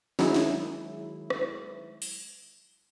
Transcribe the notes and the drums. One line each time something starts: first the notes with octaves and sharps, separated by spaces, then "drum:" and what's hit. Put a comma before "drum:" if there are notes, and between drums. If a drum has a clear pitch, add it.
D#3 F#3 G#3 E4, drum: snare
drum: snare
drum: rim click
drum: open hi-hat